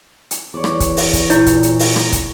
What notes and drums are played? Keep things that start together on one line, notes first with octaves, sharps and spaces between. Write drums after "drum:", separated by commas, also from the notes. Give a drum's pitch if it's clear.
drum: hi-hat
E2 C#5 D5
drum: rim click
drum: kick, hi-hat
drum: open hi-hat
drum: kick, hi-hat
A#2 E4 A#4 C#5, drum: hi-hat
drum: kick, hi-hat
drum: hi-hat
drum: open hi-hat
drum: rim click
drum: kick, hi-hat